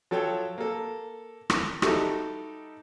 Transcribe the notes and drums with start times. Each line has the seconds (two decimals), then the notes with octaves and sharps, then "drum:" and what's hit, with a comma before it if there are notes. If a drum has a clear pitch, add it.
0.11 F3 F#3 A4 C#5 G5
0.58 A#3 A4
1.50 drum: rim click
1.82 G3 D#4 F#4 G4 A4 E5, drum: rim click